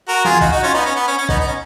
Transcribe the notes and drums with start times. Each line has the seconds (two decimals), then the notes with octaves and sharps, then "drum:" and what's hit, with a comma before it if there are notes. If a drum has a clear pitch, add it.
0.08 F#4 A#4
0.25 F4 G#4, drum: tom E3
0.41 D#4 F#4, drum: kick
0.51 D#4 F#4
0.62 C#4 F4
0.74 B3 D#4
0.86 C#4
0.96 B3
1.07 C#4
1.18 C#4
1.29 B3 D#4, drum: kick
1.40 B3 D#4
1.48 C#4